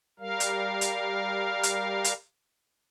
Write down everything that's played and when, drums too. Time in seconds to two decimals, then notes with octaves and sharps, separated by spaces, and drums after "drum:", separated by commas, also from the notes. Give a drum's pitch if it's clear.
0.20 G3 A#4 F5
0.40 drum: hi-hat
0.81 drum: hi-hat
1.63 drum: hi-hat
2.04 drum: hi-hat